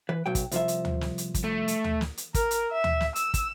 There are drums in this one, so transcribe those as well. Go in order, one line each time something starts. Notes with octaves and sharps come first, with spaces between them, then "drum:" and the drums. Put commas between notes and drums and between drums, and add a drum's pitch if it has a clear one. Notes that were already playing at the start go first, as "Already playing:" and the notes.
E3 B4
B1 F#3 G5
drum: kick, hi-hat
C2 F3 E5, drum: hi-hat
drum: hi-hat
drum: tom D2
drum: snare
drum: hi-hat
drum: kick, hi-hat
A3
drum: hi-hat
drum: tom D2
drum: snare
drum: hi-hat
A#4, drum: kick, hi-hat
drum: hi-hat
E5
drum: tom D2
drum: snare
E6, drum: hi-hat
drum: kick, hi-hat